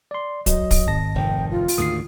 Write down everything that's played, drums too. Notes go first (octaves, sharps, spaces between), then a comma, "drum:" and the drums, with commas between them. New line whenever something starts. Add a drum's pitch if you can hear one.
D5 C6
F#3 D#5, drum: kick, hi-hat
drum: kick, open hi-hat
G#1 A5 A#6
F1 D#3 G5
F4
drum: open hi-hat
D2 G#2 D#3 D#6 C7